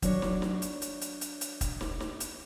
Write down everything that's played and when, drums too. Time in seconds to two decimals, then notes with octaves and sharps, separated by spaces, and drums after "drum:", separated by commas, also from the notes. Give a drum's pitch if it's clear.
0.02 F#3 D4 C#5, drum: kick, hi-hat
0.22 drum: snare
0.42 drum: snare
0.62 drum: hi-hat
0.82 drum: hi-hat
1.01 drum: hi-hat
1.21 drum: hi-hat
1.41 drum: hi-hat
1.61 drum: kick, hi-hat
1.81 drum: snare
2.00 drum: snare
2.20 drum: hi-hat